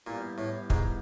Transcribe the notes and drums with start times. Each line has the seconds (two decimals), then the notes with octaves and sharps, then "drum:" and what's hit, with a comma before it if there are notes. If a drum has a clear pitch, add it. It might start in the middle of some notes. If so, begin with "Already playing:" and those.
0.06 A#2 E3 G3 B3 E4 G4
0.38 A2
0.70 G#2, drum: kick